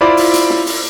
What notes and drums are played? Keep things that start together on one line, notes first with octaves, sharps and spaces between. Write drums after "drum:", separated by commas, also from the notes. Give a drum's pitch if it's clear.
E4 F4 C5 D5 B5 D6
drum: open hi-hat
drum: hi-hat
drum: snare
drum: open hi-hat